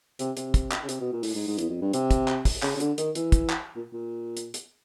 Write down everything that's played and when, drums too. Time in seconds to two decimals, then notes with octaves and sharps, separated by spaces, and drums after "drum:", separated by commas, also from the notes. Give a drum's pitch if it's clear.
0.19 C3, drum: hi-hat
0.37 C3, drum: hi-hat
0.54 drum: kick, hi-hat
0.71 drum: clap
0.83 C#3
0.89 C3, drum: hi-hat
1.01 B2
1.13 A#2
1.23 A2, drum: open hi-hat
1.35 G#2
1.47 G#2
1.58 E2, drum: hi-hat
1.70 F2
1.81 G2
1.93 C3, drum: hi-hat
2.11 drum: kick, hi-hat
2.28 drum: clap
2.45 drum: kick, open hi-hat
2.63 C#3, drum: clap
2.76 C#3
2.80 D3, drum: hi-hat
2.98 D#3, drum: hi-hat
3.15 E3, drum: hi-hat
3.32 drum: kick, hi-hat
3.50 drum: clap
3.76 A#2
3.93 A#2
4.37 drum: hi-hat
4.54 drum: hi-hat